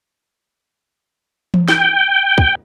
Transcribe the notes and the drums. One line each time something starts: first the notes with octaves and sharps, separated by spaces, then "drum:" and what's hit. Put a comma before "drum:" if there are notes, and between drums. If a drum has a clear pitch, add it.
drum: tom E3
G5, drum: snare
drum: kick